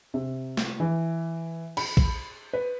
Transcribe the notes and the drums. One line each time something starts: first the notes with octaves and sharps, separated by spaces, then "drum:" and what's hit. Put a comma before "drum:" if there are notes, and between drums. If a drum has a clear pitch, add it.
C3
drum: snare
E3
B5, drum: cymbal
drum: kick A1
B4